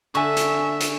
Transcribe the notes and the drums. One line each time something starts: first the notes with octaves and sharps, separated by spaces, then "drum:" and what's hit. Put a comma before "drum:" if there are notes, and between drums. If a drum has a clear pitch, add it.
D3 E5 G#5 C#6
drum: hi-hat
drum: hi-hat